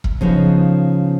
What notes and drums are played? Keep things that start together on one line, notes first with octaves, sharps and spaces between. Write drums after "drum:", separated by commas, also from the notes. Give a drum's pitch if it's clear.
drum: kick E1
C#3 F3 B3 D#4